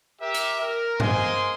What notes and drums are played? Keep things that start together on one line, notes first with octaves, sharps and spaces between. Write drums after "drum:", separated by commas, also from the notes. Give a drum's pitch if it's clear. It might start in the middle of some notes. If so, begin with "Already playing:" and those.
G4 A#4 E5
drum: hi-hat
A#4
G#3 A#3 C5 D#5 G#5 C6, drum: tom G2